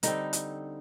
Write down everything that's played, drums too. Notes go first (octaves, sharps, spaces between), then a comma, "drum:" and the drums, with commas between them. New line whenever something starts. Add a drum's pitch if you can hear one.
D3 G3 C4 D#4, drum: hi-hat
drum: hi-hat